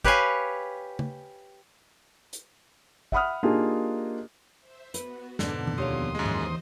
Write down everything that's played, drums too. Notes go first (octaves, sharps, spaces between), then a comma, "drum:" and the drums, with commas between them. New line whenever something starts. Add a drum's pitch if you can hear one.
G4 B4 C#5 F5 G#5, drum: kick
drum: tom
drum: hi-hat
E5 F#5 B5 D#6 F6, drum: kick
A#3 D4 D#4 F4 G4 G#4
C5 E5
B3 F#4 B4, drum: hi-hat
F2 G#2 B2 D3 B3 D4, drum: snare
drum: tom D#3
D#2 G4 C#5 F5 C6 D#6
F#2 E3 G#3 C5 D#5
drum: tom G#2